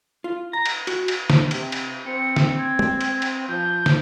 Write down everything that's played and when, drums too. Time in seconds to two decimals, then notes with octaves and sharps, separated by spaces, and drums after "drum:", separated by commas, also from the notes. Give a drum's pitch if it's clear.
0.24 F4
0.53 A#5
0.66 drum: cymbal
0.87 F#4, drum: cymbal
1.08 drum: cymbal
1.30 drum: snare
1.51 C3, drum: cymbal
1.72 drum: cymbal
2.06 C4 C#7
2.36 drum: snare
2.59 G#6
2.79 drum: tom
3.01 drum: cymbal
3.22 drum: cymbal
3.49 F3 G6
3.86 drum: snare